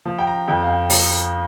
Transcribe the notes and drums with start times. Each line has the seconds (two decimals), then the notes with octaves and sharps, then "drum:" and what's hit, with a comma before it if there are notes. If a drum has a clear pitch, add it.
0.05 F3
0.19 G5
0.27 A#5
0.48 F2 G5
0.63 F5
0.69 G5
0.90 F3 A#5, drum: open hi-hat